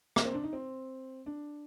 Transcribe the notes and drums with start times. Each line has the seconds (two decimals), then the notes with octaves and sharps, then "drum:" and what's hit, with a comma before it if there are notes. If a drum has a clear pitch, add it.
0.16 A#3, drum: rim click
0.25 C4
0.34 D4
0.44 D#4
0.53 C4
1.26 D4